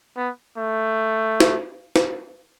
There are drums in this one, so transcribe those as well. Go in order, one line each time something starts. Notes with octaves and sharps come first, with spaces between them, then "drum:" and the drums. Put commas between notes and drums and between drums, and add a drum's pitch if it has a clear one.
B3
A3
drum: snare
drum: snare